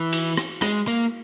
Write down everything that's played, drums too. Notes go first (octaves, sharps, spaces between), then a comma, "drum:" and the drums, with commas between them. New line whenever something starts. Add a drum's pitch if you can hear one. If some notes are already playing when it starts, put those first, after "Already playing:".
Already playing: E3
drum: cymbal
drum: rim click
G#3, drum: rim click
A#3